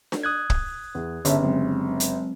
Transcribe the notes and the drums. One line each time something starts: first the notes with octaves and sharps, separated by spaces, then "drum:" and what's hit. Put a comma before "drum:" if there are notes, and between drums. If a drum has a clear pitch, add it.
drum: snare D4
D#6 F#6 G#6
drum: kick
E2
G1 C#3 C#5 E5 A5, drum: hi-hat
F#3 G#3 C4
drum: hi-hat